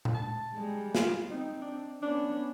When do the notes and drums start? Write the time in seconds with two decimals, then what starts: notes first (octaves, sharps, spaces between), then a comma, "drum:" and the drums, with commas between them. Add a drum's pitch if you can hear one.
0.05 drum: tom A#2
0.14 A5
0.55 G3 G#3
0.95 F4, drum: snare
1.30 C4 D#4
1.61 D4
2.02 B3 C#4 D4